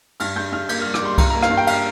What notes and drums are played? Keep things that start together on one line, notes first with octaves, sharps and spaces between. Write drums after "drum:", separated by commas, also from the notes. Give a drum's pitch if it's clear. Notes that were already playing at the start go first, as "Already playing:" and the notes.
G2 F6, drum: cymbal
G2 G6
G2 F6
A#3 G6, drum: cymbal
F6
G3
D6, drum: rim click
G3 C6
G2 A#5, drum: kick C2, cymbal
A#5
A#3
F5, drum: rim click
G2
G5
F5, drum: cymbal